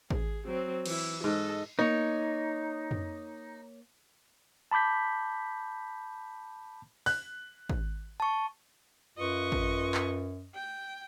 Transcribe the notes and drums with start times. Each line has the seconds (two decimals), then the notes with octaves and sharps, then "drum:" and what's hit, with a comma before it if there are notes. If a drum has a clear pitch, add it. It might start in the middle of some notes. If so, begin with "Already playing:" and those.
0.10 G#4, drum: kick
0.46 F#3 C4
0.86 E3 E4, drum: cymbal
1.24 G#2 A4 D#5
1.79 A#3 D#4 C#5
2.91 drum: tom F2
4.71 A5 B5 D6 G6 B6
7.06 F#6, drum: open hi-hat
7.69 drum: kick
8.20 A5 C#6
9.18 F#2 F4 B4 D#5 C#6
9.52 drum: kick
9.94 drum: clap
10.55 G5